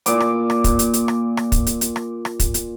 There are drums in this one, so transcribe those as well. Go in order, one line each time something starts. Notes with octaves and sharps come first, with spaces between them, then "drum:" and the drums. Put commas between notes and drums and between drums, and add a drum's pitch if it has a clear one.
A#2 D6, drum: hi-hat
drum: rim click
drum: rim click
drum: kick, hi-hat
drum: hi-hat
drum: hi-hat
drum: rim click
drum: rim click
drum: kick, hi-hat
drum: hi-hat
drum: hi-hat
drum: rim click
drum: rim click
drum: kick, hi-hat
drum: hi-hat